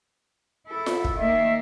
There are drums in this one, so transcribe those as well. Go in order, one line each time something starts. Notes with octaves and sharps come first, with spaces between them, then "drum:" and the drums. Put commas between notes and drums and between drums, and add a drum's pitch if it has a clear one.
E4 A4
drum: snare F4
drum: kick
D#3 A#3 E5